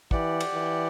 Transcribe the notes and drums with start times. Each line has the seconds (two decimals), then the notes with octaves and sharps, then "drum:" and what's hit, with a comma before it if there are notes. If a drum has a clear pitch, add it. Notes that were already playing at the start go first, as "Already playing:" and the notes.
0.11 E3 G4 D5 F#5, drum: kick
0.40 drum: cymbal
0.55 E3